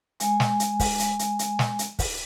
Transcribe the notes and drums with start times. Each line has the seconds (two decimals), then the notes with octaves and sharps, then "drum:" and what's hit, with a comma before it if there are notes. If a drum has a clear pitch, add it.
0.20 G#3 G#5, drum: hi-hat
0.40 drum: snare
0.60 drum: hi-hat
0.80 drum: kick, open hi-hat
0.99 drum: hi-hat
1.19 drum: hi-hat
1.39 drum: hi-hat
1.59 drum: snare
1.79 drum: hi-hat
1.99 drum: kick, open hi-hat